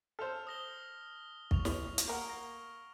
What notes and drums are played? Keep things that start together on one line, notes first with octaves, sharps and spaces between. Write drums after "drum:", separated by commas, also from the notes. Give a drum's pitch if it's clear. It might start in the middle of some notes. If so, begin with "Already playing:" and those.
A4 C5 F6 F7
D#6 A#6 G7
C#6 F7, drum: kick
drum: snare
drum: hi-hat
A#3 A#4 F#5
A#6